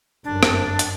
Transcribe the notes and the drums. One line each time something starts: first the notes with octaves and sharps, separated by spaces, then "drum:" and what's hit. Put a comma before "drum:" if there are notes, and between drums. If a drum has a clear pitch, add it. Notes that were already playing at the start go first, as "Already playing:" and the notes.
G1 F#2 D4
drum: rim click
drum: hi-hat